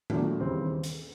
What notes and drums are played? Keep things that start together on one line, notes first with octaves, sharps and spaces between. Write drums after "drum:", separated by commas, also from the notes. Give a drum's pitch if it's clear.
A#2 F#3 A3 D4, drum: tom D#3
D#2 C#3 E3 G3 C4
drum: hi-hat